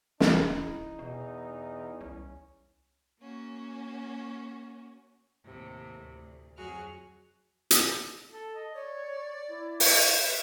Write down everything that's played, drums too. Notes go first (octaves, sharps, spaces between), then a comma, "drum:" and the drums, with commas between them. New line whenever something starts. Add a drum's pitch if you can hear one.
E2 D#4, drum: snare
E4
E2 B2
C2 C#4
A#3 C#4 F#4
D#2 A2 C3
D2
F2 F#3 F#4 G#4 F6
drum: hi-hat
A4
D#5
C#5 D5
E4
drum: open hi-hat
B4 E5